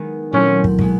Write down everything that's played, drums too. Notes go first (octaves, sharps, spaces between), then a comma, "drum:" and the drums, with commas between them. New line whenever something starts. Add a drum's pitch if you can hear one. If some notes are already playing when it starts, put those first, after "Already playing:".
Already playing: D#3 G#3 B3 D#4
A#2 F#3 A3 C4 C#4 E4
drum: kick
B2 G#3 B3, drum: kick